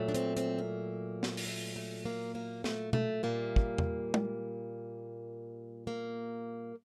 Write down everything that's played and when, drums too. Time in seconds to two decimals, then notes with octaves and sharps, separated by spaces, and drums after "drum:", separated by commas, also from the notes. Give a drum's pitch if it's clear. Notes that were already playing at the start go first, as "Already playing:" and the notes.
Already playing: A#2 F#3 A3
0.08 D4
0.15 C4, drum: hi-hat
0.37 C4, drum: hi-hat
0.58 A#3
1.23 drum: snare
1.37 drum: open hi-hat
1.47 A3
1.76 A3
2.05 A#3
2.35 A#3
2.64 A3, drum: snare
2.93 A3, drum: tom B2
3.23 A#2 G3 A#3
3.56 drum: kick
3.78 drum: tom E2
4.14 drum: tom
5.87 A#3